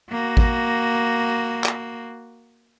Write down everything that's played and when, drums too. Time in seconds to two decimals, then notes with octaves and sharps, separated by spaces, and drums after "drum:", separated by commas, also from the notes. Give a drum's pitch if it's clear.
0.12 A#3 F#4
0.37 drum: kick
1.64 drum: clap